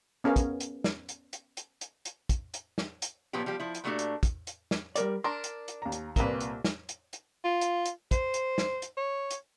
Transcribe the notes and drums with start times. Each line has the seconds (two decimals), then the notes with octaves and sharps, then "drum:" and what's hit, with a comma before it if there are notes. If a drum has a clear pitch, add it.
0.24 B3 C#4 G#4 A#4 F5
0.36 drum: kick, hi-hat
0.60 drum: hi-hat
0.84 drum: snare
1.09 drum: hi-hat
1.33 drum: hi-hat
1.57 drum: hi-hat
1.81 drum: hi-hat
2.05 drum: hi-hat
2.29 drum: kick, hi-hat
2.54 drum: hi-hat
2.78 drum: snare
3.02 drum: hi-hat
3.33 A#2 F3 B3 C#4 G4
3.46 F3 G3 G4
3.60 F3 E4
3.74 drum: hi-hat
3.84 A#2 F#3 A3 D4 F#4 G4
3.99 drum: hi-hat
4.23 drum: kick, hi-hat
4.47 drum: hi-hat
4.71 drum: snare
4.96 G3 A#4 D5, drum: hi-hat
5.24 D4 A#4 C6
5.44 drum: hi-hat
5.68 drum: hi-hat
5.82 D#2 A#5
5.92 drum: hi-hat
6.16 C2 A#2 A#3 B4 D5 G7, drum: kick, hi-hat
6.40 drum: hi-hat
6.65 drum: snare
6.89 drum: hi-hat
7.13 drum: hi-hat
7.44 F4
7.61 drum: hi-hat
7.85 drum: hi-hat
8.11 C5, drum: kick, hi-hat
8.34 drum: hi-hat
8.58 drum: snare
8.82 drum: hi-hat
8.97 C#5
9.30 drum: hi-hat